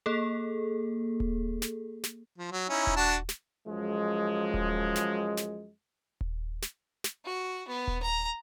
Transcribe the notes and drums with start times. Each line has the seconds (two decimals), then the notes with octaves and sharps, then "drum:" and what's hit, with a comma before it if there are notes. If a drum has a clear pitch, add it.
0.06 A#3 G#4 A4
1.20 drum: kick D#1
1.62 drum: snare
2.04 drum: snare
2.38 F3
2.51 F#3
2.69 C#4 D#4 E4
2.87 drum: kick D#1
2.96 D4 F#4 A5
3.29 drum: snare
3.67 F#2 F3 G#3
4.54 drum: kick D#1
4.96 drum: snare
5.37 drum: snare
6.21 drum: kick D#1
6.62 drum: snare
7.04 drum: snare
7.25 F#4
7.68 B3
7.88 drum: kick D#1
8.03 A#5